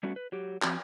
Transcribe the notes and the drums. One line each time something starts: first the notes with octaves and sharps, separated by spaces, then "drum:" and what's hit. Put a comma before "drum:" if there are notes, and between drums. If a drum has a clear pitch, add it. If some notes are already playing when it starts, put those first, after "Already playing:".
G3 A3 B3 C#4 F#4
B4
F#3 G4
F3 C4 F#4, drum: clap